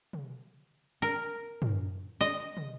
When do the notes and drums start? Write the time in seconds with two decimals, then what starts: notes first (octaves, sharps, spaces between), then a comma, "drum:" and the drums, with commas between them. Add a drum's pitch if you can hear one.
0.13 drum: tom
1.02 A#4, drum: tambourine
1.62 drum: tom
2.21 D#5
2.57 drum: tom